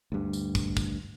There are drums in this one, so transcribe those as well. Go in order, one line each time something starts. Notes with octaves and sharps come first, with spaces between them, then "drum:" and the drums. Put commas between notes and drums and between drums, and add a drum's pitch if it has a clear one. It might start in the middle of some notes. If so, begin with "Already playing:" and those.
D2 G2
drum: tambourine
drum: kick, tambourine
drum: kick, tambourine